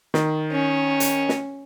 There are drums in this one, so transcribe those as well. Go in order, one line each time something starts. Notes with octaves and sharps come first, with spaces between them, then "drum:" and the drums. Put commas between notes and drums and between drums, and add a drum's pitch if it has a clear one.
D#3, drum: snare
C#4
drum: hi-hat
drum: snare